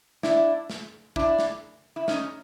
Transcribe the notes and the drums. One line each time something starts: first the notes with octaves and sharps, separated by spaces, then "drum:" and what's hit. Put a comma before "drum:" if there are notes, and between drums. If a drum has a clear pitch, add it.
D4 E4, drum: snare
drum: snare
D4 E4, drum: kick
drum: snare
E4
C#4 D#4, drum: snare